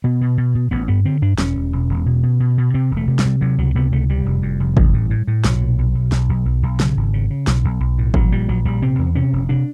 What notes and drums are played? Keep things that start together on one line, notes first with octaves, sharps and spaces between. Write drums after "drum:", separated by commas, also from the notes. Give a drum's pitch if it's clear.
B2 B3
B2
B2
B2
A1 B3
G2 B3
D3 C4
G2 D4
E1 C#4, drum: snare
E1
E1
E1
B2
B2
B2
B2
C3 C4
E1
A3
C3
G3, drum: snare
C3
C3 F#3
C#2 F#3
C3 B3
C#2 A3
C3 G3
F1
F2
F1
A1, drum: kick G#1
A2
A2
A2
B1 F#3, drum: snare
A#2
B1
B1
B1, drum: snare
B1
B1
B1
C#3, drum: snare
G#1
C#3
C#3
B1, drum: snare
B1
B1
A2
A#1 F#3, drum: kick G#1
A#2 G3
A#1 F#3
A#1 G3
C3 C4
E2
C3 C#4
F1
C3 D4